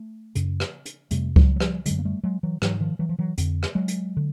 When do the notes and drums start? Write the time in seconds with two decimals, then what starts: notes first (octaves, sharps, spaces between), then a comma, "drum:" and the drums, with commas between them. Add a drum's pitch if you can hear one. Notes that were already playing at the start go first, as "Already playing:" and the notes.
Already playing: A3
0.35 F#2 C#3, drum: hi-hat
0.60 drum: rim click
0.85 drum: hi-hat
1.11 F2 C3 G3 A3, drum: hi-hat
1.36 F#3 G#3, drum: kick C#2
1.56 F#3
1.60 F3 G3, drum: rim click
1.86 F#2 D3 F#3 G#3, drum: hi-hat
1.99 A#3
2.05 G3 A3
2.23 F#3 G#3
2.43 E3 F#3
2.62 G#2 E3 F#3, drum: rim click
2.80 D#3 F3
2.99 E3 F#3
3.09 F3
3.19 E3 F#3
3.38 F2 D3, drum: hi-hat
3.63 drum: rim click
3.75 F#3 G#3
3.88 drum: hi-hat
4.17 D3